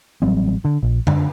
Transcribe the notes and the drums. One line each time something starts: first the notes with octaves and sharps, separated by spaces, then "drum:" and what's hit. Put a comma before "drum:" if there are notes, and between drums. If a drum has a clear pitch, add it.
A1 F#3 G3 C4
D3
A#1
D3, drum: tom F#2